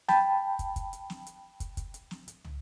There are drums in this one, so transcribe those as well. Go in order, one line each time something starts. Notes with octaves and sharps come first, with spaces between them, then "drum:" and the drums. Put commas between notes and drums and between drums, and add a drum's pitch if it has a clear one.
G5 A5 B5, drum: snare
drum: kick, hi-hat
drum: kick, hi-hat
drum: hi-hat
drum: snare
drum: hi-hat
drum: kick, hi-hat
drum: kick, hi-hat
drum: hi-hat
drum: snare
drum: hi-hat
drum: tom